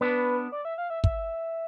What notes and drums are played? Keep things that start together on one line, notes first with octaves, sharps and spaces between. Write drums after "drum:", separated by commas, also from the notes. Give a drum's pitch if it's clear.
B3 D4 B4
D5
E5
F5
E5
E5, drum: kick